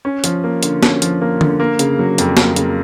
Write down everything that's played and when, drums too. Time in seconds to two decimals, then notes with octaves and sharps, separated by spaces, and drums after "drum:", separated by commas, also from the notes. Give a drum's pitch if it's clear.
0.05 C#4
0.24 F3, drum: hi-hat
0.44 A#3
0.63 D3, drum: hi-hat
0.83 C#4, drum: snare
1.02 F3, drum: hi-hat
1.22 A#3
1.41 D3, drum: tom D3
1.60 A#3
1.79 C#3, drum: hi-hat
1.99 F#3
2.18 F2, drum: hi-hat
2.37 A#3, drum: snare
2.56 C#3, drum: hi-hat